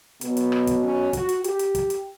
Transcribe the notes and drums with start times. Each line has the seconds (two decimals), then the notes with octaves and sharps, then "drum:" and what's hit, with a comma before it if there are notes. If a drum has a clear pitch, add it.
0.21 B2 F#3 B3, drum: hi-hat
0.37 drum: hi-hat
0.52 drum: rim click
0.67 drum: kick, hi-hat
0.83 C#4
1.13 F#4, drum: kick, hi-hat
1.29 drum: hi-hat
1.44 G4, drum: hi-hat
1.59 drum: hi-hat
1.75 drum: kick, hi-hat
1.90 drum: hi-hat